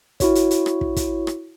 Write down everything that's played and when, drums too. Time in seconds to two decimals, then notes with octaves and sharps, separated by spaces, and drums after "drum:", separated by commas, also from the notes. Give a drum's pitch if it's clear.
0.20 E4 F#4 C#5, drum: kick, hi-hat
0.35 drum: hi-hat
0.51 drum: hi-hat
0.66 drum: rim click
0.81 drum: kick
0.96 drum: kick, hi-hat
1.27 drum: rim click